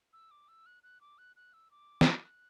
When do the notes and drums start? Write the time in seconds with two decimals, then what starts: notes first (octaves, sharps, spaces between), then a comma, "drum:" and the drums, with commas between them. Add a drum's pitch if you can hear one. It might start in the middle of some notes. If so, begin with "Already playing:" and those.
0.13 E6
0.31 D6
0.48 E6
0.66 F#6
0.83 F#6
1.01 D6
1.18 F#6
1.36 F#6
1.53 E6
1.71 D6
2.01 drum: snare
2.24 F#6